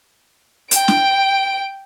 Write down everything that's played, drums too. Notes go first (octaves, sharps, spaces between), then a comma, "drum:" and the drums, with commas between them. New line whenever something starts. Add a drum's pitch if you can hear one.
G5 D7, drum: hi-hat
drum: snare